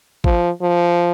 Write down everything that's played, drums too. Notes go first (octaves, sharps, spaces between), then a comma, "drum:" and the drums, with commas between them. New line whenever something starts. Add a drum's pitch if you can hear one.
F3, drum: kick G#1
F3